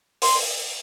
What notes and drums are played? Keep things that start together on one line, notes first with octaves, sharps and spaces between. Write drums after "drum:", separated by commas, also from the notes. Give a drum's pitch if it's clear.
C6, drum: open hi-hat